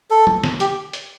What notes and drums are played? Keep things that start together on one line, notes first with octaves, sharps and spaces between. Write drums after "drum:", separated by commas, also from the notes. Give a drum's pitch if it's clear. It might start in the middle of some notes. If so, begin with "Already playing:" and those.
A4
drum: tom
drum: snare
G4, drum: hi-hat
drum: hi-hat